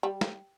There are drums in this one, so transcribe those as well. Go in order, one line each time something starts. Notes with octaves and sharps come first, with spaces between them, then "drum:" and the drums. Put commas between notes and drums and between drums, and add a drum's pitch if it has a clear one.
G3
drum: snare